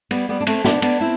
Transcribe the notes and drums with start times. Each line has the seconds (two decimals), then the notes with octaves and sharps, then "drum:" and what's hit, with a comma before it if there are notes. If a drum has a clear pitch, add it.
0.11 G3 B3, drum: cymbal
0.29 G3 B3
0.41 D4
0.47 A3 C4, drum: cymbal
0.65 B3 D4, drum: snare
0.82 B3 D4, drum: cymbal
1.01 C4 E4